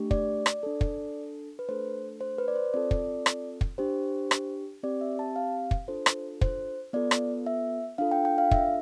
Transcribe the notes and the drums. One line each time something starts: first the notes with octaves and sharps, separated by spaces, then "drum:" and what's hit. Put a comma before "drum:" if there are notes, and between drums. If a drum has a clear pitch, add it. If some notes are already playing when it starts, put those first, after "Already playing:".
Already playing: A3 D4 G4
D5, drum: kick
drum: rim click
D4 A4
drum: kick
B4
A3 D4 A4 C5
C5
B4
D5
C5
C4 F4 A4 D5
drum: kick
drum: rim click
drum: kick
D4 G4 C5
drum: rim click
C4 G4 D5
E5
A5
F5
drum: kick
D4 F4 A4 C5
drum: rim click
C5, drum: kick
B3 F4 A4 D5
drum: rim click
E5
D4 F4 A4 F5
G5
G5
F5
E5, drum: kick